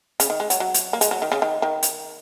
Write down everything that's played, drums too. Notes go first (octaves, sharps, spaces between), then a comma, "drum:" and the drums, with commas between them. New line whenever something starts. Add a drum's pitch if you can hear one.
C#3, drum: hi-hat
D#3
G#3
F#3, drum: hi-hat
F#3
drum: hi-hat
A#3
G#3, drum: hi-hat
F#3
D#3
C#3
D#3
D#3
drum: hi-hat